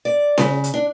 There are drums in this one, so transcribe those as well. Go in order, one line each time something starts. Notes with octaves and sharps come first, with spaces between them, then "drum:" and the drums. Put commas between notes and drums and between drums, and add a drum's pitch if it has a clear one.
D5
C#3, drum: snare C#4
drum: hi-hat
D4